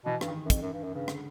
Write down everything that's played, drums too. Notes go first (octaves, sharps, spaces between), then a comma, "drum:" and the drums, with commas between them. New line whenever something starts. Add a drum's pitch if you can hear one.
B2 E3
G2, drum: rim click
D#3
F#2
F2, drum: kick, hi-hat
F#2
G2
F#2
G2 C#3
D3, drum: rim click